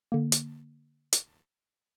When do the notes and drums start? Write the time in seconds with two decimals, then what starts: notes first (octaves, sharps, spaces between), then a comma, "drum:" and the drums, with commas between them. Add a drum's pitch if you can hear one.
0.12 D3 A#3
0.32 drum: hi-hat
1.13 drum: hi-hat